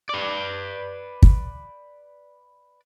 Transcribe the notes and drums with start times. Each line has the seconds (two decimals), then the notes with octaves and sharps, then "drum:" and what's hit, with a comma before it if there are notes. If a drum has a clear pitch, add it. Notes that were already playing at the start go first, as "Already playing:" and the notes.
0.09 B4 D5
1.23 drum: kick